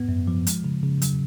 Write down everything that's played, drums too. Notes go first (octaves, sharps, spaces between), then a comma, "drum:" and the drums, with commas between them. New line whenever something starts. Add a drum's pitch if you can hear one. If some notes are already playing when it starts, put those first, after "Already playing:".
Already playing: G#2 B3
F#2
F3
G#3, drum: hi-hat
C#3
C#3
F#3, drum: hi-hat